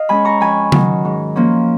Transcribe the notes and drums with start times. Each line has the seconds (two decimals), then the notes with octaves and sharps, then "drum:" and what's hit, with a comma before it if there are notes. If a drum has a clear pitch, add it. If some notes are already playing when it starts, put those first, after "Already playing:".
Already playing: D#5 F5
0.09 G#3 C#4 G#5 B5
0.25 A#5 C#6
0.40 F2 G#5 B5
0.72 D#3 F#3, drum: tom C#3
1.05 G#2
1.36 F3 A#3 C#4